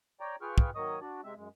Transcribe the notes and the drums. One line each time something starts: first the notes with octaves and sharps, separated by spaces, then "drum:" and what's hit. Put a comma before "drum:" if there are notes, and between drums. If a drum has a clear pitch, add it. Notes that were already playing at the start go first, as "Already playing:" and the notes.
C#5 D5 G5 A#5
F4 G#4 B4 G5 C#6 F6
drum: kick
D#3 F#3 A#3 C#5 D#5 D#6
D4 F#4 D5
C3 G#3 C4 E5
F#2 G#3